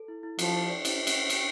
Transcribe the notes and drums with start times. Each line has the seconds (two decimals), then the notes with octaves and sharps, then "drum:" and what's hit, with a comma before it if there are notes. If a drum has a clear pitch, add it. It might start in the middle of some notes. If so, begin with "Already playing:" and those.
Already playing: A4
0.08 E4
0.23 E4
0.39 F3 A4, drum: cymbal
0.54 E4
0.70 D5
0.85 E4, drum: cymbal
1.07 drum: cymbal
1.30 drum: cymbal